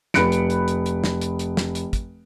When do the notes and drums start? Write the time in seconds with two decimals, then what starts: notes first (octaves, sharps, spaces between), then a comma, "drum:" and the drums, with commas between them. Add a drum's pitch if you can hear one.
0.14 F1 B5 F#6 C#7 D7, drum: snare
0.32 drum: hi-hat
0.50 drum: hi-hat
0.68 drum: hi-hat
0.86 drum: hi-hat
1.04 drum: snare
1.21 drum: hi-hat
1.39 drum: hi-hat
1.57 drum: snare
1.75 drum: hi-hat
1.93 drum: kick, hi-hat